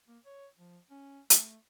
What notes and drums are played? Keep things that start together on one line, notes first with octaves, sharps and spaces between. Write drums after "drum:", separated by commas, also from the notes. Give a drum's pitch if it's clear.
A#3
C#5
F3
C#4
A3, drum: hi-hat